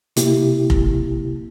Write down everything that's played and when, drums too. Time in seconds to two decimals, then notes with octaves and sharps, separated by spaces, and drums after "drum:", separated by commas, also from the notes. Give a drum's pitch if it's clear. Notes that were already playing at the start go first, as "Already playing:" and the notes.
0.16 C3 A#3 E4 G4, drum: hi-hat
0.70 drum: kick F1